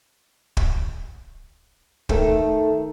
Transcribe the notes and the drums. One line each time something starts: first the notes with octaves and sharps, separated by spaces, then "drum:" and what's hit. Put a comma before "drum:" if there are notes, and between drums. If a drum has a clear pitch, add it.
drum: kick
D#3 A3 A4, drum: kick